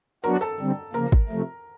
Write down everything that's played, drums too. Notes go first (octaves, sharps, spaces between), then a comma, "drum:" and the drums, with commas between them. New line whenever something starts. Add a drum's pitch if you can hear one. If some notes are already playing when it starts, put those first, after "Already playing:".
F#3 B3 D4 F#4 A#4 A#5
A4 A5
D3 G3 C4
C#3 F3 A#3 A#4 A#5
drum: kick G#1
C3 F3 A3